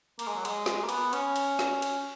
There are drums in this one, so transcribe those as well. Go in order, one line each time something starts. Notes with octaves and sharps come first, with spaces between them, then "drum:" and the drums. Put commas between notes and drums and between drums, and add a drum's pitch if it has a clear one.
A#3, drum: cymbal
G#3
F#3
G#3, drum: cymbal
G#3, drum: snare
A#3
B3, drum: cymbal
C#4, drum: cymbal
drum: cymbal
drum: snare
drum: cymbal